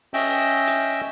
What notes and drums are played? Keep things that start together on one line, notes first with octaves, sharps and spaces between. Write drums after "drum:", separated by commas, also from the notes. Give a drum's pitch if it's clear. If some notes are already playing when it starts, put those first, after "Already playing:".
C#4 D#5 E5 G5, drum: open hi-hat
drum: hi-hat